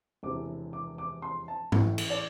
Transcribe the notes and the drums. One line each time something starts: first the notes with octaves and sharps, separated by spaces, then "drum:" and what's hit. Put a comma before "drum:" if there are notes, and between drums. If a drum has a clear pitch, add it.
E1 E2 C3 E3 D6
D6
D6
C6
A5
A1 A2 E3, drum: tom G#2
drum: cymbal
D5